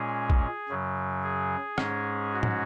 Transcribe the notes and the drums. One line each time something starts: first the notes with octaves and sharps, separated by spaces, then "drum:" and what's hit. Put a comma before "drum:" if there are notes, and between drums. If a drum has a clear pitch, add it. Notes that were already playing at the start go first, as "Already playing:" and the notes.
Already playing: A#2 G#3 C#4 G#4
drum: kick
F#2 C#3 F#3
G#4
G#2 G#3 C#4, drum: rim click
F#4
drum: tom